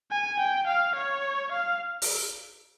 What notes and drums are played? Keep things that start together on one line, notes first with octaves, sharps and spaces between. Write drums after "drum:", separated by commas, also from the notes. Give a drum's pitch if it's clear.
G#5
G5
F5
C#5
F5
drum: open hi-hat